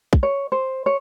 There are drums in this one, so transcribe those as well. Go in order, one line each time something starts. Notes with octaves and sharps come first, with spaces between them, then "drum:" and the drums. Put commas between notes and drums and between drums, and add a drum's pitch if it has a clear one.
drum: kick
C#5
C5
C#5